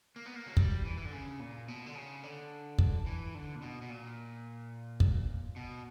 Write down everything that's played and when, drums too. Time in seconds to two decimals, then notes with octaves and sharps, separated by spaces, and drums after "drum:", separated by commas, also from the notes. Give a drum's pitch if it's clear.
0.16 A#3
0.26 B3
0.36 A#3
0.47 F#3
0.57 G3, drum: kick
0.85 E3
0.97 E3
1.05 D3
1.13 C#3
1.40 A#2
1.68 B2
1.86 D3
1.95 C#3
2.23 D3
2.79 drum: kick
3.06 E3
3.35 D3
3.55 A#2
3.62 B2
3.82 B2
3.90 A#2
5.00 drum: kick
5.56 B2